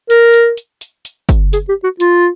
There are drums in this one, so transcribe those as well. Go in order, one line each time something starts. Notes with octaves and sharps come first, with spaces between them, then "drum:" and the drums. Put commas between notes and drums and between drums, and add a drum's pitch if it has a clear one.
A#4, drum: hi-hat
drum: hi-hat
drum: hi-hat
drum: hi-hat
drum: hi-hat
drum: kick, hi-hat
G#4, drum: hi-hat
G4
F#4
F4, drum: hi-hat